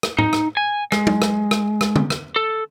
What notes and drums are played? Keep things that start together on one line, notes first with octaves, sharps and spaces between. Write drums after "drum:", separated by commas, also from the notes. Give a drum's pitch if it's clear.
drum: rim click
D#4, drum: tom A2
drum: rim click
G#5
G#3, drum: rim click
drum: tom
drum: rim click
drum: rim click
drum: rim click
drum: tom D3
drum: rim click
A4